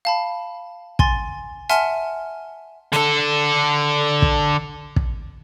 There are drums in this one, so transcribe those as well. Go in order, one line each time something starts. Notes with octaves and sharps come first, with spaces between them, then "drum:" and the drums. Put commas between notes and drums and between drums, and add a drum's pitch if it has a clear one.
F5 A5 B5
G#5 C6 A6, drum: kick
E5 F#5 G#5 A5 C6 F6, drum: hi-hat
D3 A4, drum: hi-hat
drum: kick
drum: kick